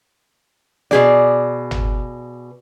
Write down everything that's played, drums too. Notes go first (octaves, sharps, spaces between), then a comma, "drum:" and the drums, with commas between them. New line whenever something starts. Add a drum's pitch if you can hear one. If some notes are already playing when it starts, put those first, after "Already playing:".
B2 G#4 D5, drum: snare
drum: tom